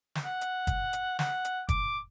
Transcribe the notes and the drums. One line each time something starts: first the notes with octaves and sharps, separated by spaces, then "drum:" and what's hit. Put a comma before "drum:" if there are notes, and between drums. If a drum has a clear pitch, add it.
drum: snare
F#5
drum: hi-hat
drum: kick, hi-hat
drum: hi-hat
F#5, drum: snare
drum: hi-hat
D6, drum: kick, hi-hat